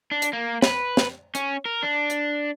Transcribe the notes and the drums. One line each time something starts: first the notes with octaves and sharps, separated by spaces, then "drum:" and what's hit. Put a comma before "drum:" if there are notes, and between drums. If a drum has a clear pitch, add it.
D4
drum: hi-hat
A#3
B4, drum: snare
drum: snare
C#4, drum: hi-hat
A#4
D4
drum: hi-hat